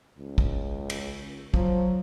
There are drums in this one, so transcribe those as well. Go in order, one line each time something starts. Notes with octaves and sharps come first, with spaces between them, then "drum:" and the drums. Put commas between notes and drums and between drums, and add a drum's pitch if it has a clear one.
C#2
drum: kick
drum: cymbal
F3 F#3, drum: kick